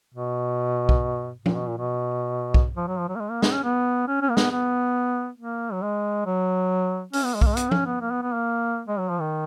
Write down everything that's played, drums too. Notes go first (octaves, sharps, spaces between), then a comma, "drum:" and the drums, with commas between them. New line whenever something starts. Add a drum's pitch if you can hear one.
B2
drum: kick B1
A#2, drum: tom F3
B2
A#2
B2
drum: kick B1
F3
F#3
F3
F#3
A#3
G#3
A#3
B3, drum: snare
C#4
B3
C#4
C#4
A#3
B3, drum: snare
B3
A#3
F#3
G#3
F#3
C#4, drum: open hi-hat
B3
G#3
A#3, drum: kick B1
G#3
B3, drum: hi-hat
C#4, drum: tom F3
B3
A#3
B3
B3
A#3
G#3
F#3
F3
D#3